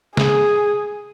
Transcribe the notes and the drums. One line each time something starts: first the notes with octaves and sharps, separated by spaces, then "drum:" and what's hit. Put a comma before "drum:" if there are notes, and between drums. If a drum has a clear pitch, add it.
G#4, drum: snare